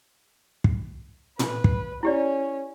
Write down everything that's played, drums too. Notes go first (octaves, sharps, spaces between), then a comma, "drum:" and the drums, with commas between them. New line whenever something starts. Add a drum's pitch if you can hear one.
drum: kick
B4, drum: tom
drum: kick
C#4 E4 G4 D5